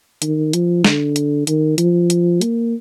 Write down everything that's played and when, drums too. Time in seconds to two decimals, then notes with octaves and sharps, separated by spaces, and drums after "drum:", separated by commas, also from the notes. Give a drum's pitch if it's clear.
0.22 D#3, drum: hi-hat
0.53 F3, drum: hi-hat
0.85 D3, drum: snare
1.16 drum: hi-hat
1.47 D#3, drum: hi-hat
1.78 F3, drum: hi-hat
2.10 drum: hi-hat
2.41 A#3, drum: hi-hat